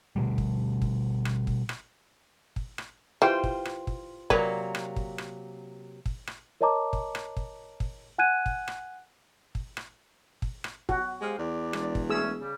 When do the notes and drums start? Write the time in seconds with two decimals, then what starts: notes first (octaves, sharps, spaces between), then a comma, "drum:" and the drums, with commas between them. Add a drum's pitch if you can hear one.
0.16 B2 D3 G3
0.38 drum: kick
0.82 drum: kick
1.25 drum: rim click
1.47 drum: kick
1.69 drum: rim click
2.56 drum: kick
2.78 drum: rim click
3.22 E3 F4 G4 B4 C5 G5
3.44 drum: kick
3.65 drum: rim click
3.87 drum: kick
4.30 C3 F#3 A#3 A#4 B4 D5, drum: kick
4.75 drum: rim click
4.96 drum: kick
5.18 drum: rim click
6.06 drum: kick
6.27 drum: rim click
6.61 A#4 C#5 D#5 A5 A#5 D6
6.93 drum: kick
7.15 drum: rim click
7.37 drum: kick
7.80 drum: kick
8.18 F#5 G#5 F#6 G#6 D#7
8.46 drum: kick
8.68 drum: rim click
9.55 drum: kick
9.77 drum: rim click
10.42 drum: kick
10.64 drum: rim click
10.89 F#4, drum: kick
11.21 G#3 G4 C5 F5
11.39 E2 D5
11.73 E1, drum: rim click
11.95 drum: kick
12.10 D2 A3 C#4 G#4 E6
12.40 C#3 G3